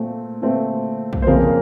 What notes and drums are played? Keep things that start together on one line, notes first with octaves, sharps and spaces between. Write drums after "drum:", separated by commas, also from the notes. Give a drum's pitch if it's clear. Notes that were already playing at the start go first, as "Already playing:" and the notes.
Already playing: A#2 A3 C4
A#2 A3 C4
drum: kick
C5
F2 C#3 F3 A#3 A#4